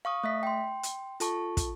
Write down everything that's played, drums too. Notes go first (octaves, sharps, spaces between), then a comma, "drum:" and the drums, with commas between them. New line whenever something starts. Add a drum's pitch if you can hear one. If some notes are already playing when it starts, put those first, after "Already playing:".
F5 C#6 D#6
A3 E5 B6
G5 C6
drum: hi-hat
F4 A4 A5 C#6, drum: hi-hat
drum: kick, hi-hat